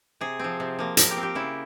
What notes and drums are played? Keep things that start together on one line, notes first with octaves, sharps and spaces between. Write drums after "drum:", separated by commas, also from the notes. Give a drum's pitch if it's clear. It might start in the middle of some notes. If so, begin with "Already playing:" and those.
C3 G#4
F3 C4
C3
F3 A#3
F3 A#4, drum: hi-hat
G4
C4
G4
C#3 E4